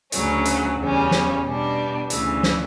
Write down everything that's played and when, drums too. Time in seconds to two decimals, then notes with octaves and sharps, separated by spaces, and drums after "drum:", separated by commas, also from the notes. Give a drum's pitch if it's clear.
0.12 D2 C#3 F#3 C#4, drum: hi-hat
0.45 drum: hi-hat
0.78 E2 C#3 G3 C#4
1.11 drum: snare
1.44 B2 G3 D4
2.10 D2 C#3 E3, drum: hi-hat
2.43 drum: snare